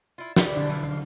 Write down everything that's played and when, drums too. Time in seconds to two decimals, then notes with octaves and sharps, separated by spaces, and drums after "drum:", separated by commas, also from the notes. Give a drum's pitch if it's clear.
0.18 E4 F4
0.36 G4 B4 D5, drum: snare
0.57 D3 D4
0.70 E3 E4 F4
0.84 F5